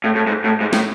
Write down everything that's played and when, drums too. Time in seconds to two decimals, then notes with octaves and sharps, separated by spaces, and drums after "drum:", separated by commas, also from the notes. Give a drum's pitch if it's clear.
0.04 A2
0.15 A2
0.27 G#2
0.44 A2
0.61 G#2
0.73 A2, drum: snare